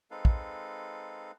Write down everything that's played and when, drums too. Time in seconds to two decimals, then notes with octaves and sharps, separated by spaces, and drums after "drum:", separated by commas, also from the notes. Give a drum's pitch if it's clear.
0.11 G#3 C4 D#4 A4 B4 F5
0.25 drum: kick